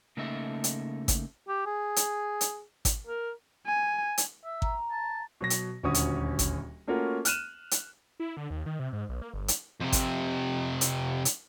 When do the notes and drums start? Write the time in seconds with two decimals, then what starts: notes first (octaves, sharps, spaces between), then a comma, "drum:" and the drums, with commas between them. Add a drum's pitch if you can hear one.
0.17 C#3 A3 A#3 D#4 A4 E5
0.64 drum: hi-hat
1.08 drum: kick G#1, hi-hat
1.48 G4
1.66 G#4
1.96 drum: hi-hat
2.41 drum: hi-hat
2.85 drum: kick G#1, hi-hat
3.07 A#4
3.66 G#5
4.18 drum: hi-hat
4.44 E5
4.62 A#5, drum: kick G#1
4.91 A5
5.41 B2 F#3 A#6
5.50 drum: hi-hat
5.83 D#1 D2 C#4 F#4 C#6 D#6
5.94 drum: hi-hat
6.39 drum: kick G#1, hi-hat
6.87 A3 A#3 C#4 F4 F#4 A#4
7.25 F6 F#6 D#7 E7, drum: hi-hat
7.71 drum: hi-hat
8.20 E4
8.37 D3
8.50 D#2
8.66 D#3
8.79 C3
8.93 G#2
9.09 B1
9.22 A#3
9.34 G1
9.48 drum: hi-hat
9.81 F2 C3
9.93 drum: kick G#1, hi-hat
10.81 drum: hi-hat
11.25 drum: hi-hat